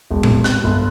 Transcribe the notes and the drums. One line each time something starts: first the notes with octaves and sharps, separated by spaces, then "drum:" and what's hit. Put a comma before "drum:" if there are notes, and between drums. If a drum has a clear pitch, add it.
E1
drum: tom A2
F#6, drum: snare
G1